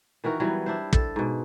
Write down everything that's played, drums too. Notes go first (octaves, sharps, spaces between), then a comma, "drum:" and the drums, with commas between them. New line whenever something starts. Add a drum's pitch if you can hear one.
D#3 E3 F#4 A#4
E3 F#3 G3 B3
D4 E4 C5
A4, drum: kick
G#2 B2